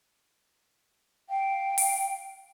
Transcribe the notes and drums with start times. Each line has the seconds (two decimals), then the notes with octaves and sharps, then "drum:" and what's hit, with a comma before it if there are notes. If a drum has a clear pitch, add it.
1.28 F5 G5
1.78 drum: open hi-hat